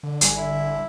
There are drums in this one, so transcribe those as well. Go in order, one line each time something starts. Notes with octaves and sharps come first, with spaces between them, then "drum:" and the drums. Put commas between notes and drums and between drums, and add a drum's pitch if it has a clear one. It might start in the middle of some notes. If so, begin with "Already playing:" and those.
D3
G#1 G3 G#5, drum: hi-hat
E4